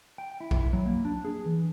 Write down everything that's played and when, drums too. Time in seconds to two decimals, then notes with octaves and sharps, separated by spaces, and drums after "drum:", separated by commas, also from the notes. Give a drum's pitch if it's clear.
0.18 G5
0.40 E4
0.51 drum: kick A#1
0.61 E4
0.73 F#3
0.85 A#3
1.05 D4
1.25 G#4
1.46 E3